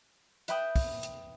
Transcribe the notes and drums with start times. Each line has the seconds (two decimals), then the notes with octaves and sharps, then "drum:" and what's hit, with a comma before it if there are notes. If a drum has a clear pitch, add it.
0.48 B4 E5 G5 B5 D#6 G6, drum: hi-hat
0.76 drum: kick, open hi-hat
1.03 drum: hi-hat